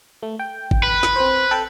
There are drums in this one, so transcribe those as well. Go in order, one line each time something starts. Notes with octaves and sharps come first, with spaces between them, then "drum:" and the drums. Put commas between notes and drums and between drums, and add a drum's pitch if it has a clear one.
A3
G5
drum: kick G#1
B4
drum: snare
C4 C5
A4 G5